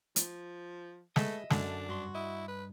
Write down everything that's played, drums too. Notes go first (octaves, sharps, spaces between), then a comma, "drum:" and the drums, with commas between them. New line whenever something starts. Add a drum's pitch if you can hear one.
F3, drum: hi-hat
G#3 A3 B4 D#5 E5, drum: snare
F#2 D3 D4, drum: snare
G2 F#4 C6
E4 D#5
B4